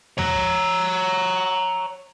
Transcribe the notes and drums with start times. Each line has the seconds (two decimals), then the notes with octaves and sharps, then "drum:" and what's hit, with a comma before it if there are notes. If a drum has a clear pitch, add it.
0.18 C#5 A#5, drum: tom E2
0.35 drum: kick